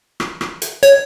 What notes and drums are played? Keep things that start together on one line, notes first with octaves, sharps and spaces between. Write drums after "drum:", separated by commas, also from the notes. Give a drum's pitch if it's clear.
drum: rim click
drum: rim click
drum: hi-hat
C#5, drum: hi-hat